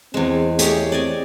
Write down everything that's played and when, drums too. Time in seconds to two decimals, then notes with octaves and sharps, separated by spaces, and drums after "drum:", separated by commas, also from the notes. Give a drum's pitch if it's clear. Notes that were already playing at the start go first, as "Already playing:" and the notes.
0.14 E2 G#3 C4
0.59 A3 G4 G#4 C#5, drum: hi-hat
0.92 C4 D5 D#5 G#5